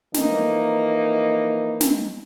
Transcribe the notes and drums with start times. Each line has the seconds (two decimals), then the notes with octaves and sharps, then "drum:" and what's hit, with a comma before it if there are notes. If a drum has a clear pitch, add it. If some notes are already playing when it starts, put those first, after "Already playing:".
0.14 F2 E3 A#3 D#4, drum: snare
1.81 drum: snare